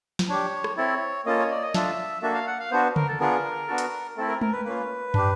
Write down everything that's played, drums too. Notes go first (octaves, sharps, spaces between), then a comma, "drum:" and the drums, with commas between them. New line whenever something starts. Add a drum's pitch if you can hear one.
drum: snare
D4 G4 C#5
drum: rim click
C4 E4 A4 C#5
A#3 C#4 F4 A4 D#5
C#5
D5
D#5
D4 F4 A4 E5, drum: snare
A#3 D4 F#4 A4 E5
F5
F#5
F5
B3 D4 F#4 C5
A#4, drum: tom C#3
A4
B3 D4 F4 G#4 A#4
B3 D4 F#4 A4
drum: hi-hat
A3 C4 E4 A4
A#4
A#4, drum: tom G#3
B4
A#3 C#4 F4 B4
D4 G4, drum: tom